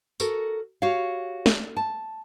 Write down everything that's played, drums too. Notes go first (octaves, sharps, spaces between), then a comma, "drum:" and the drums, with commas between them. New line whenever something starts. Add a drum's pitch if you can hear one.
F#4 A4 A#4, drum: tambourine
F#4 G4 C#5 F5
drum: snare
A5